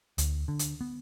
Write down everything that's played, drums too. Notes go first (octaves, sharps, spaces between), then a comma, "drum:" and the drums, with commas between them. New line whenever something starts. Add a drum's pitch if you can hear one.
D2, drum: hi-hat
D3
drum: hi-hat
B3